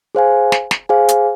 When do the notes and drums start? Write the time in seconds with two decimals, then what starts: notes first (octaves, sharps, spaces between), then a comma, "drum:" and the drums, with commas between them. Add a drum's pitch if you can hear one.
0.15 G#4 C5 F5 G#5
0.52 drum: snare
0.71 drum: snare
0.89 G#4 C5 F5 G#5
1.08 drum: hi-hat